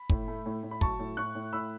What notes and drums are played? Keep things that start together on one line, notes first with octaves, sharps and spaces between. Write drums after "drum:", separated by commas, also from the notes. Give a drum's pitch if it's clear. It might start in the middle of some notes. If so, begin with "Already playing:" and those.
Already playing: B5
A2, drum: kick
A3
A2
A2
B5
F#3 A5 C#6, drum: kick
A2
A2 C#6 F#6
A2
A2 B5 E6